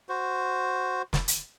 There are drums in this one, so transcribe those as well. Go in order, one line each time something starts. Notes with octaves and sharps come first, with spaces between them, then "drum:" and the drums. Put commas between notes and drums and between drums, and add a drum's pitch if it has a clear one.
F#4 C5
drum: snare
drum: hi-hat